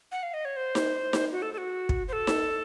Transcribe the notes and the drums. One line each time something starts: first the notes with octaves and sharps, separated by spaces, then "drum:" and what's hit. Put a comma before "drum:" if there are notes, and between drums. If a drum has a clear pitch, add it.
F#5
F5
D#5
C#5
C5
drum: snare D#4
drum: snare D#4
F#4
A4
A4
F#4
drum: kick
C5
A4
drum: snare D#4